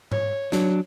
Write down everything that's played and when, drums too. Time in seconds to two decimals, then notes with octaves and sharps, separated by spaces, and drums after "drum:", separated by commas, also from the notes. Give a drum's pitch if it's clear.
0.12 C#5, drum: tom G#2
0.52 F#3 D4, drum: snare